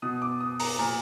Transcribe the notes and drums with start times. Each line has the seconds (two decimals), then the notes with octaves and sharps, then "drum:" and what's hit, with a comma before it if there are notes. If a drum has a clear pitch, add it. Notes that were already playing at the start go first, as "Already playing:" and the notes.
0.02 B2 D#6
0.22 D6
0.40 D#6
0.60 A#5, drum: open hi-hat
0.79 A#2 A#5